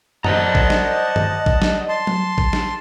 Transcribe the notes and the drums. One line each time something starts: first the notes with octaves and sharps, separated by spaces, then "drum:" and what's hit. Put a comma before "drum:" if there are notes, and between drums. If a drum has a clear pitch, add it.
C5 D5 D#5 F#5 A5 A#5, drum: tom F#2
drum: kick
drum: snare
drum: tom G2
drum: kick
drum: snare
A5 C6
drum: tom F#3
drum: kick
drum: snare